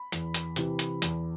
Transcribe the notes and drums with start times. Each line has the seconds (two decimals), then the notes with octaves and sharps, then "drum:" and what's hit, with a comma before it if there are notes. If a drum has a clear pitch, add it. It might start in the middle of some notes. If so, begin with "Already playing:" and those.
Already playing: B5
0.12 E2, drum: hi-hat
0.34 drum: hi-hat
0.56 C3 E3, drum: hi-hat
0.79 drum: hi-hat
1.02 E2, drum: hi-hat